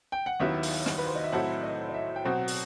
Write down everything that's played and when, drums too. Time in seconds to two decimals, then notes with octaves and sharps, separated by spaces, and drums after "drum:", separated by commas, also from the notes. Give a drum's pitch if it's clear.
0.12 G5
0.26 F#5
0.40 D#2 D#3 F#3 B3 E4 E5
0.63 drum: open hi-hat
0.86 drum: rim click
0.98 B4
1.06 C5
1.15 D#5
1.24 E5
1.32 A2 F#3 C4 E4 A4 F#5
1.63 D#5
1.89 D#5
1.94 E5
2.16 G5
2.24 B2 F#3 C4 F#4 F#5
2.48 drum: open hi-hat